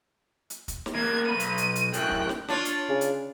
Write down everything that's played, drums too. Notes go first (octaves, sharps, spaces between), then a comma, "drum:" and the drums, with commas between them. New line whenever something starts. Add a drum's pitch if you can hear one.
drum: hi-hat
drum: kick, hi-hat
drum: snare
A#3 B3 G#6
B1 B5 D#7
drum: hi-hat
drum: hi-hat
drum: hi-hat
F#2 A2 G5 F#6, drum: hi-hat
drum: kick
drum: snare
D4 F4 C#5, drum: snare
drum: hi-hat
C#3
drum: hi-hat